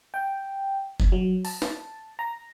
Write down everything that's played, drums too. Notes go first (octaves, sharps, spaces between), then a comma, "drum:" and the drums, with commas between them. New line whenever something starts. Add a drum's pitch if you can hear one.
G5
drum: kick F1
F#3
A5, drum: open hi-hat
drum: snare
A#5